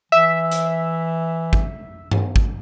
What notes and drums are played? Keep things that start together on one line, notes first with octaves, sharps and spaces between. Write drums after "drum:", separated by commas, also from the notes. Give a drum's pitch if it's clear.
E3 E5
drum: hi-hat
drum: kick G#1
drum: tom G2
drum: kick G#1